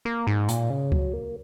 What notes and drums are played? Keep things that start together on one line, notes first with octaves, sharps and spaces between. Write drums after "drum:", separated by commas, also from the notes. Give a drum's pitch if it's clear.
A#3
G#2
A#2, drum: hi-hat
C#3
F#3, drum: kick C#2
A#3